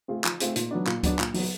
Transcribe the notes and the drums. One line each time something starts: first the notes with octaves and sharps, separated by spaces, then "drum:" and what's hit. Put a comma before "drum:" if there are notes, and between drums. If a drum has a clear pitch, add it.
A3 C4 F4 G#4
F3, drum: clap
A3 C4 F4 G#4, drum: hi-hat
A#2, drum: hi-hat
F#3 B3 D4
A#2, drum: clap
F#3 B3 D4, drum: kick C#2, hi-hat
A#2, drum: clap
F#3 B3, drum: open hi-hat